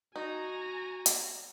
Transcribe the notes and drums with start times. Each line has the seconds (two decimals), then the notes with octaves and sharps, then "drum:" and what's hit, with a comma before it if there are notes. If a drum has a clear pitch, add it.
0.16 D#4 F#4 G#5 A#5
1.06 drum: hi-hat